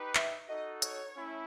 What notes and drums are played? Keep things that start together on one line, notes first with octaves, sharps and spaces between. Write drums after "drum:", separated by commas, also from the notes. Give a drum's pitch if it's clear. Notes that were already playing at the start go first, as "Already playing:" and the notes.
Already playing: D#4 G4 B4
E5, drum: clap
D#4 F#4 A4 D#5
C#5, drum: hi-hat
A3 C#4 E4